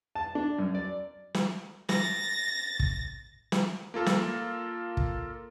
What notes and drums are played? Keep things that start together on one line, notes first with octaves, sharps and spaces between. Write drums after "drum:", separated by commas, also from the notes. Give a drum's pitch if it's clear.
A5
D4
F#2
D5
drum: snare
A6 A#6, drum: snare
drum: kick
drum: snare
A#3 F4 A4 A#4
drum: snare
drum: kick